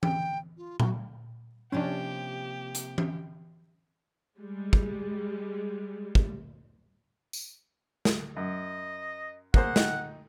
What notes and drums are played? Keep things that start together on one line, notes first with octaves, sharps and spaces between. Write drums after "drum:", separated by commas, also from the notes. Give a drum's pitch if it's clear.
G5, drum: tom E3
F4
F#4, drum: tom A#2
C3 F3 A#3 C#4 D4 G4
drum: hi-hat
drum: tom E3
G3 G#3
drum: kick
drum: kick
drum: tambourine
drum: snare
F#2 D#5
A#3 G#4 C5 F#5, drum: kick
D#4 G5, drum: snare